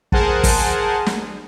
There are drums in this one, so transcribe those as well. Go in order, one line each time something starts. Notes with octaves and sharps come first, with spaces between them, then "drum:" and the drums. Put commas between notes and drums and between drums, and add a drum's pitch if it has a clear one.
G#4 A#4 C5 F#5 G#5 A5, drum: kick
drum: kick, open hi-hat
drum: snare